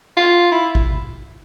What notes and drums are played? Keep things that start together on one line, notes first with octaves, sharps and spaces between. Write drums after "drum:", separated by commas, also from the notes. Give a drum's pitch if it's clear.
F4
E4
drum: kick G#1